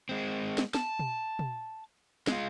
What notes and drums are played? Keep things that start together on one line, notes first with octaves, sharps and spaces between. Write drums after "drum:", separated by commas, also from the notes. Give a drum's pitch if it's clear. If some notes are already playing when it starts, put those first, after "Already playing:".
G#3 C4
drum: snare
A5, drum: snare
drum: tom
drum: tom
G#3 F4, drum: snare